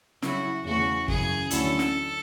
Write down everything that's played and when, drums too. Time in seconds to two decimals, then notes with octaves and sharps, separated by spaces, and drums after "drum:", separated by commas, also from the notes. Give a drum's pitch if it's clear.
0.22 C#3 F#3 C#4 E4 F#4, drum: snare
0.65 E2 C#3 E3 A3 F#4
1.08 F#2 C#3 E3 G#4, drum: kick
1.51 D2 D3 F#3 C#4 E4 A4, drum: hi-hat
1.79 drum: snare